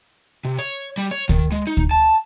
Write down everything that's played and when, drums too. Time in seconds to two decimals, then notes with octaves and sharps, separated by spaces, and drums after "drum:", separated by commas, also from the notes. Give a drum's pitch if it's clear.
0.45 C3
0.58 C#5
0.98 G3
1.11 C#5
1.29 D#3, drum: kick
1.52 G#3
1.67 D#4
1.77 drum: kick
1.91 A5